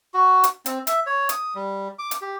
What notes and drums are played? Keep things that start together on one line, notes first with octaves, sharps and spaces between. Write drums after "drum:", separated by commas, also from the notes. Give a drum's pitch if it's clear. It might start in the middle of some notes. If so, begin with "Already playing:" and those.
F#4
drum: hi-hat
C4, drum: hi-hat
E5, drum: hi-hat
C#5
D#6, drum: hi-hat
G3
D6
drum: hi-hat
G4